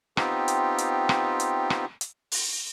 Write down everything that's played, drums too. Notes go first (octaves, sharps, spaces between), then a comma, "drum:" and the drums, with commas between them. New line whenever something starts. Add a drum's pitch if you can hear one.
B3 C4 D#4 F4 G4, drum: rim click
drum: hi-hat
drum: hi-hat
drum: rim click
drum: hi-hat
drum: rim click
drum: hi-hat
drum: open hi-hat